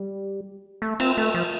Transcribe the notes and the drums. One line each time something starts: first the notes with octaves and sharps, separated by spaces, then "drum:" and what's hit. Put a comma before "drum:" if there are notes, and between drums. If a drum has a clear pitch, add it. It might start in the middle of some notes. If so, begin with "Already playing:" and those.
Already playing: G3
A3
C4, drum: cymbal
A3
F3